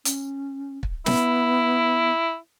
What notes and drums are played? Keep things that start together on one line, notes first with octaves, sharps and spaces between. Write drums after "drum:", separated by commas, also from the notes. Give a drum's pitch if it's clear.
C#4, drum: hi-hat
drum: kick
B3 E4, drum: snare